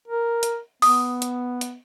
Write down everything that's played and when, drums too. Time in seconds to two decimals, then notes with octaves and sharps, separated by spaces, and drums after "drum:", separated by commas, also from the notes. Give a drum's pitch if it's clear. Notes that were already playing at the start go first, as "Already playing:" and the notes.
0.08 A#4
0.43 drum: hi-hat
0.82 B3 D#6, drum: open hi-hat
1.22 drum: hi-hat
1.61 drum: hi-hat